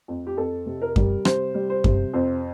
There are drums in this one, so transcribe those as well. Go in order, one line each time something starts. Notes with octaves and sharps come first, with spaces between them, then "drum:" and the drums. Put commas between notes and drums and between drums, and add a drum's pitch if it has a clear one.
F2
G4
F2 A4
C3
A#4
G3, drum: kick F#2
C3 C5, drum: rim click
G3
C5
C3, drum: kick F#2
F2 C5